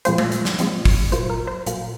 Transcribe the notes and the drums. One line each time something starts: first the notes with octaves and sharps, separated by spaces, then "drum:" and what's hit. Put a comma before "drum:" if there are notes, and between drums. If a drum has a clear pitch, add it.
A#2 F3 G#3 C4 F4 C5, drum: hi-hat
drum: tom G#3
drum: hi-hat
drum: snare
A#2 F3 G#3 C4 F4, drum: hi-hat
drum: kick, open hi-hat
A#2 F#3 A#3 F4 C5, drum: hi-hat
A#4
C5
A#2 F#3 A#3 F4, drum: hi-hat